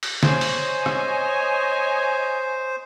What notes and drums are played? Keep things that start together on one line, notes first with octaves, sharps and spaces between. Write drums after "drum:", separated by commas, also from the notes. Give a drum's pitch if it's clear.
drum: open hi-hat
C5 C#5 D#5 G#5, drum: snare
drum: open hi-hat
drum: rim click